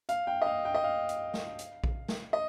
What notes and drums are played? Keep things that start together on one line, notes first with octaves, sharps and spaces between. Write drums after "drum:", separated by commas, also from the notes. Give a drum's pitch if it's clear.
F5, drum: hi-hat
G5
D#5
F5
G5
D#5
F5
drum: hi-hat
drum: snare
drum: hi-hat
drum: kick A#1
drum: snare
D#5